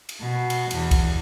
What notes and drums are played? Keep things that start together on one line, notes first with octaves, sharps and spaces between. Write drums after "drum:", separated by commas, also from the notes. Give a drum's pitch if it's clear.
drum: cymbal
B2
drum: cymbal
E2, drum: cymbal
drum: kick C2, cymbal